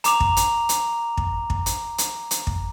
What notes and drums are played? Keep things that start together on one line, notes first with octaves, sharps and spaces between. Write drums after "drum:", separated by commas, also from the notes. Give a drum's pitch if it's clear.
A#5 D6 F7, drum: hi-hat
drum: kick
drum: hi-hat
drum: hi-hat
drum: kick
drum: kick
drum: hi-hat
drum: hi-hat
drum: hi-hat
drum: kick